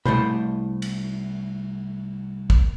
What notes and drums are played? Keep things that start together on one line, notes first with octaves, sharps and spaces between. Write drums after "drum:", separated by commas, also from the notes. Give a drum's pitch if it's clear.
C2 A3 E4 C5 B5, drum: tom
drum: cymbal
drum: kick